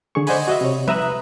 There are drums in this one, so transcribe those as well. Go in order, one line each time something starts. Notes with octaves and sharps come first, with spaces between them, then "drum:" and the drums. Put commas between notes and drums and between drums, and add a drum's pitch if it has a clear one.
D3 G#4 C#6
C5 D5 D#5 F#5 G#5 B5, drum: open hi-hat
F#4 D#5 E5
C3 C#5
B4 E5 A#5 D#6 F#6, drum: tom G3